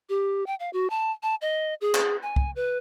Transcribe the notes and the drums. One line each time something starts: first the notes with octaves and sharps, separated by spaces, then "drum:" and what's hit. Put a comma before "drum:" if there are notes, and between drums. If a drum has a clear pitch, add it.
G4
G5
F5
F#4
A5
A5
D#5
G#4
drum: clap
G#5
drum: kick
B4